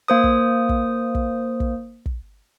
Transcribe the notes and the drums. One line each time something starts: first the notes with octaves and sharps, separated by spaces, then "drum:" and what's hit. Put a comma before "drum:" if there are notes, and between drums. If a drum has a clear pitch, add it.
A#3 C5 D#6
drum: kick
drum: kick
drum: kick
drum: kick
drum: kick